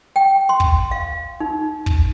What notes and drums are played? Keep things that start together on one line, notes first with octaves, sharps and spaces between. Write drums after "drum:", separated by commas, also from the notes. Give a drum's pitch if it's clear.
G5
C6
drum: kick
F5
D#4
drum: kick